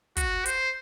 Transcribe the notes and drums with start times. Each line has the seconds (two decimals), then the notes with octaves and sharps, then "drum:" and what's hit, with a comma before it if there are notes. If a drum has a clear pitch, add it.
0.17 F#4, drum: kick, hi-hat
0.46 C5, drum: hi-hat